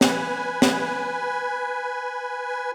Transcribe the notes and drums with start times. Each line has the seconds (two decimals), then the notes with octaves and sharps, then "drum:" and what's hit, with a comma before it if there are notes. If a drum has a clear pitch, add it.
0.01 B4 G#5, drum: snare
0.62 drum: snare